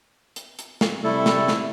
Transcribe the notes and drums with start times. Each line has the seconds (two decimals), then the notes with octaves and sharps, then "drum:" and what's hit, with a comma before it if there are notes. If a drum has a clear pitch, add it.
0.36 drum: hi-hat
0.59 drum: hi-hat
0.81 drum: snare
1.04 C3 G3 A3 E4 A4
1.26 drum: snare
1.48 drum: snare